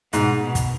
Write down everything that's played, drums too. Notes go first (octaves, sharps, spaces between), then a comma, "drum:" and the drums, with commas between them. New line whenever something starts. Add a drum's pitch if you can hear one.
G#2 B2, drum: hi-hat
B2
drum: kick, hi-hat